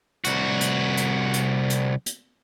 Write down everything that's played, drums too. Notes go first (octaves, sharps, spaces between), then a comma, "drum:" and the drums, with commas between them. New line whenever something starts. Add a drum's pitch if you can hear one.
C2 F#4, drum: hi-hat
drum: hi-hat
drum: hi-hat
drum: hi-hat
drum: hi-hat
drum: hi-hat